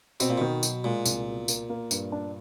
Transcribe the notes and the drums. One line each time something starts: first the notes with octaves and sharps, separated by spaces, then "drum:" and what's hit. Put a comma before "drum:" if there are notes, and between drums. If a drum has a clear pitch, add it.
B2 C4, drum: tambourine
A#2
B2 D#3
F#3, drum: tambourine
A#2 G#3
C2, drum: tambourine
B2
A#3, drum: tambourine
A#3
G2, drum: tambourine
D4